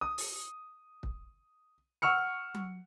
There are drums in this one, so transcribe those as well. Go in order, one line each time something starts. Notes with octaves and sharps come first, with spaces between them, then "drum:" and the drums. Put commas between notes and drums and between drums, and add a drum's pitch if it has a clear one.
D#6
drum: open hi-hat
drum: kick
F#5 C#6 E6 F6 C#7
drum: tom F#3